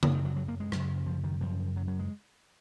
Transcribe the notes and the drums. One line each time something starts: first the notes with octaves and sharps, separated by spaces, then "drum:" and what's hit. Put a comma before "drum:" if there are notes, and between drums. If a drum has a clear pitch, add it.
F#2 C#3 F3, drum: tom C#3
D#3
F#3
F#3
A#3
G#3
F#2 C#3 F#3, drum: rim click
F3
D#3
F#2 C#3 F3
F#3
F#3
G#3